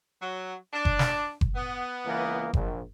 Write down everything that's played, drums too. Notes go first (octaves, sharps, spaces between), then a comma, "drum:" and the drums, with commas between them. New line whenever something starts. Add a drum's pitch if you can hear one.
F#3
D4
drum: kick F#1
drum: snare
drum: kick F#1
B3
C#2 E3 A#3
A#1, drum: kick F#1